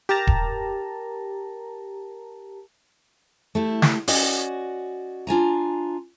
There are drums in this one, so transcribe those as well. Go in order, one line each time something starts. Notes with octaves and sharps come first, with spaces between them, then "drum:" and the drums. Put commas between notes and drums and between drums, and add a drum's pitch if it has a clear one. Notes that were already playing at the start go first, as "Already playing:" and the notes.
G4 A#4 A5 A#5
drum: kick D#1
A3 E4 G4
drum: snare
C#4 F#4 D5 D#5, drum: open hi-hat
D4 F4 G#5 A#5